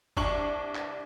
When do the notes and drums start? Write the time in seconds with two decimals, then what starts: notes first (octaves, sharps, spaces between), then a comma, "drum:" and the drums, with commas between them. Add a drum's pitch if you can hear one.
0.17 C2 D4 C#6 F#7, drum: kick
0.75 drum: clap